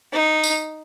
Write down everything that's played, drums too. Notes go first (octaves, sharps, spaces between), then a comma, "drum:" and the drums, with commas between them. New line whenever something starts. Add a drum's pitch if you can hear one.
D#4
drum: tambourine